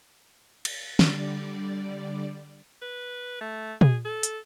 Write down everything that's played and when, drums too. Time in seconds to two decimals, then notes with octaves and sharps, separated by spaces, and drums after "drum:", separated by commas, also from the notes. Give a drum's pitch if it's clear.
0.65 drum: cymbal
0.99 D3 G3 D5, drum: snare
2.82 B4
3.41 A3
3.81 G#4, drum: tom
4.05 A4
4.23 drum: hi-hat